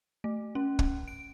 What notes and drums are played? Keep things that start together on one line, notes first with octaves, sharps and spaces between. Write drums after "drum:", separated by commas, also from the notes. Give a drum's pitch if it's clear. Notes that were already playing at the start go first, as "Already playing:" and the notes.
A3
C#4
drum: kick
D7